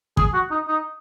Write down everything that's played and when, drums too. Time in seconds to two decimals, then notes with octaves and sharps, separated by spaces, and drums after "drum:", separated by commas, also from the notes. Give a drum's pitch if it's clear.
0.17 G#4, drum: kick
0.34 F#4
0.51 D#4
0.68 D#4